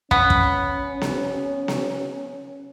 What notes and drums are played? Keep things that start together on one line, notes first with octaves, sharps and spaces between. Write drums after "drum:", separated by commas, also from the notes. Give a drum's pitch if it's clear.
B3 C#4, drum: kick
drum: kick
drum: snare B3
drum: snare B3